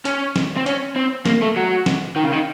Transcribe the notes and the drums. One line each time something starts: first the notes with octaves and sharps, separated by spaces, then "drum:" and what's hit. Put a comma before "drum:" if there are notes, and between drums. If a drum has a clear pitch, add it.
C#4, drum: hi-hat
drum: snare
C4
C#4, drum: hi-hat
C4
A#3, drum: snare
A3
F#3
drum: snare
D#3
C#3
D#3